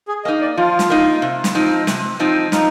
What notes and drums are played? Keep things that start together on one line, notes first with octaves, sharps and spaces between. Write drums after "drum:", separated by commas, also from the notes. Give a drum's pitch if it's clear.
G#4
A#3 D#4 D#5
D5
F3 F4
drum: snare
A#3 D#4
C3
drum: snare
F3 C4 D#4
C3, drum: snare
F3 C4 D#4
F3 D#4, drum: snare